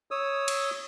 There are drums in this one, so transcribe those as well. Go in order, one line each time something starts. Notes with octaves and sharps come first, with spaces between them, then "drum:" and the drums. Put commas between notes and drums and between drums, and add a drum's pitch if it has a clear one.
C#5 D#6 E6
drum: cymbal